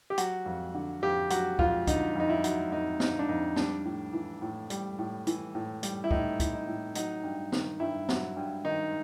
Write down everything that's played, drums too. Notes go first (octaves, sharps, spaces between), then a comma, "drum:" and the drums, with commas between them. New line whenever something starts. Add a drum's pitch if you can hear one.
G4
F#3 F#4, drum: hi-hat
F2
D3
F2 G4
F#3 F#4, drum: hi-hat
F2 F4, drum: kick
D3 D#4, drum: kick, hi-hat
F2 D#4
E4
F#3, drum: hi-hat
F2 D#4
D3 D#4, drum: snare
D4
F2 D#4
G3 D4, drum: snare
A2
E3
A2
G3, drum: hi-hat
A2
E3, drum: hi-hat
A2
G3, drum: hi-hat
E4
A2 D#4, drum: kick
E3, drum: kick, hi-hat
D#4
A2
F#3 D#4, drum: hi-hat
G2
D#3, drum: snare
G2 E4
F#3, drum: snare
G2
D#3 D#4